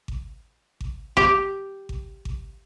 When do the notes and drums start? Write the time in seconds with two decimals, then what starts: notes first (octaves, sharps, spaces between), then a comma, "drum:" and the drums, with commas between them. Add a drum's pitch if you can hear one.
0.08 drum: kick G#1
0.81 drum: kick G#1
1.17 G4, drum: kick G#1
1.89 drum: kick G#1
2.25 drum: kick G#1